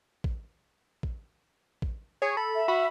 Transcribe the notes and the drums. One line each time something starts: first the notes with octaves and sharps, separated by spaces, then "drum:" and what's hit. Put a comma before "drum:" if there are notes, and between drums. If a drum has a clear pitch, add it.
drum: kick
drum: kick
drum: kick
G#4 C#5
A4 B5
E5
F#4 B5